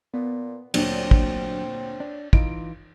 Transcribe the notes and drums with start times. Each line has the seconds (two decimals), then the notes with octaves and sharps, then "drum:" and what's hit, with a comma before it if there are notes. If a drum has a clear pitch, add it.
0.14 A#2 B3
0.74 D2 A#2 F#3 C4 D4 C#5, drum: cymbal
1.11 drum: kick
2.00 D4
2.33 E3 D#4 F4 D7, drum: kick